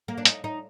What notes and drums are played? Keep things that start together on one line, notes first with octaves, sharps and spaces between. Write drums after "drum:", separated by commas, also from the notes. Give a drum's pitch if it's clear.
A#3
D4
D#4, drum: hi-hat
D#4